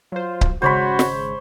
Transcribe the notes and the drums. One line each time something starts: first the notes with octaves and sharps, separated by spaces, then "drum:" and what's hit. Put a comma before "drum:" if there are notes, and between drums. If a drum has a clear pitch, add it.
F#3 F4 C5
drum: kick C#1
G#1 C#3 G#3 F#4 C5 C#5 B5
drum: snare